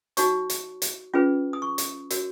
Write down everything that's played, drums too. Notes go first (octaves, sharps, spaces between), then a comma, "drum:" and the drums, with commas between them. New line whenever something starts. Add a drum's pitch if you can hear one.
D#4 F#4 C#5 C#6, drum: hi-hat
drum: hi-hat
drum: hi-hat
C#4 F4 G#4 B4
D#6
C#6
drum: hi-hat
F#4 A#4 C#5, drum: hi-hat